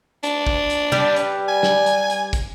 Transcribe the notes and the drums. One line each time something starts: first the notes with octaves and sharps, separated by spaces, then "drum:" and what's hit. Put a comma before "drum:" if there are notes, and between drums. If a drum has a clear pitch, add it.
D4, drum: hi-hat
drum: kick
drum: hi-hat
G3 B4, drum: tom C3
drum: hi-hat
G#5
drum: snare
drum: hi-hat
drum: hi-hat
drum: kick, hi-hat